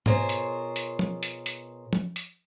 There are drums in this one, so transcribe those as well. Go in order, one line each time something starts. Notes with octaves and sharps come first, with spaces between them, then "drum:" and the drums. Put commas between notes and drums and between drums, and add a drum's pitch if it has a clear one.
B2 F4 G#4 A#4 C5 C#5, drum: tom G#2
drum: hi-hat
drum: hi-hat
drum: tom F3
drum: hi-hat
drum: hi-hat
drum: tom F3
drum: hi-hat